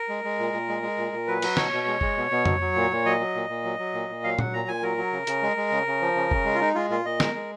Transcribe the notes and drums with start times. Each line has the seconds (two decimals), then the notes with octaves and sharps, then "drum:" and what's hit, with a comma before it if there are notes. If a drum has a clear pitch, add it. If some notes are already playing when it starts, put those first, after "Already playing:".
Already playing: A#4
0.09 G#3
0.24 G#3
0.39 A#2
0.53 A#2
0.68 G#3
0.83 G#3
0.98 A#2
1.13 A#2
1.27 F#3 B4
1.42 F#3, drum: cymbal
1.57 B2 C#5, drum: snare
1.72 B2
1.87 G#3
2.01 G#3, drum: kick F#1
2.17 B2
2.31 B2
2.46 F#3, drum: tom F2
2.61 F#3
2.76 A#2
2.91 A#2
3.05 F#3 D#5
3.20 F#3
3.35 A#2
3.49 A#2
3.64 F#3
3.79 F#3
3.94 A#2
4.09 A#2
4.24 F#3 F5
4.39 F#3 F#5, drum: tom A#2
4.53 A#2 A#5
4.68 A#2 G#5
4.83 F#3 A#4
4.97 F#3
5.12 C#3
5.27 C#3, drum: hi-hat
5.43 G#3
5.57 G#3
5.72 C#3
5.87 C#3
6.01 F3
6.16 C#3
6.31 C#3, drum: kick F#1
6.45 G#3
6.55 F4
6.60 G#3 D#4
6.75 G#3 F4
6.90 A#2 F4
7.05 A#2 D#5
7.20 G#3 A#4, drum: snare
7.35 G#3